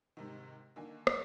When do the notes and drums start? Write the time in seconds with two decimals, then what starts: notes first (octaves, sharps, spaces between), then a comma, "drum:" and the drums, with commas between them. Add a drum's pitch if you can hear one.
0.17 G#2 C3 D#3
0.76 D3 D#3 A#3 G#5
1.07 drum: rim click